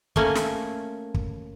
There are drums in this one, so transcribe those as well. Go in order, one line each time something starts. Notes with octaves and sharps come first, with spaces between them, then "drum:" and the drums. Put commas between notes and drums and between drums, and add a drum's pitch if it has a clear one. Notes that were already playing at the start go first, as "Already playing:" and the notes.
A3 A#3 C#4, drum: kick
drum: snare
drum: kick